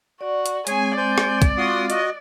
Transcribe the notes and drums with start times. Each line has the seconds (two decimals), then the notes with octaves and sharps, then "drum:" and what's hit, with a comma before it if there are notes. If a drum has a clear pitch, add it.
0.21 F#4 D5
0.46 drum: hi-hat
0.67 G#3 C4 G#4 C#5 G#5, drum: hi-hat
0.97 C5 D5 G#5 G6
1.18 drum: rim click
1.42 drum: kick, hi-hat
1.58 F4 F#4 C6 D#6
1.90 F#4 D#5, drum: hi-hat